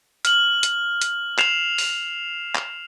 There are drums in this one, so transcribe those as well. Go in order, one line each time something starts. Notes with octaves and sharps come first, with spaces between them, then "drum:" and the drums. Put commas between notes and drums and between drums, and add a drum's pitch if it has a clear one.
F6 F#7, drum: hi-hat
drum: hi-hat
drum: hi-hat
C7 E7 F7, drum: clap
drum: open hi-hat
drum: clap